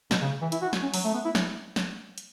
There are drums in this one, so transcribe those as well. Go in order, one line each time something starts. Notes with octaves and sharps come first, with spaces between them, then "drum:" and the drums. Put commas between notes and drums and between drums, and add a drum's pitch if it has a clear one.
B2, drum: snare
C#3
E3
E4, drum: hi-hat
F#4
drum: snare
C#4
F#3, drum: open hi-hat
A3
B3
E4
drum: snare
drum: snare
drum: hi-hat